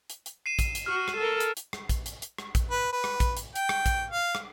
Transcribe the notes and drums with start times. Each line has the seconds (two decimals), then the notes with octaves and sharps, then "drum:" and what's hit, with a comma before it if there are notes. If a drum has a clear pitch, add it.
0.10 drum: hi-hat
0.26 drum: hi-hat
0.46 C7 D#7 E7
0.59 drum: kick A#1, hi-hat
0.75 drum: hi-hat
0.86 F#4 F6
1.08 drum: rim click
1.17 A4 A#4
1.40 drum: hi-hat
1.57 drum: hi-hat
1.73 drum: rim click
1.89 drum: kick A#1, hi-hat
2.06 drum: hi-hat
2.22 drum: hi-hat
2.38 drum: rim click
2.55 drum: kick A#1, hi-hat
2.71 B4
2.93 B4
3.04 drum: rim click
3.20 drum: kick A#1, hi-hat
3.37 drum: hi-hat
3.55 G5, drum: hi-hat
3.69 drum: rim click
3.86 drum: kick A#1, hi-hat
4.10 F5
4.35 drum: rim click